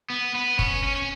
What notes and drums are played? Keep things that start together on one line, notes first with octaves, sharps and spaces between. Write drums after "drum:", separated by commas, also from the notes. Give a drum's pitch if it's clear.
B3
B3
C#4, drum: kick
C#4
C#4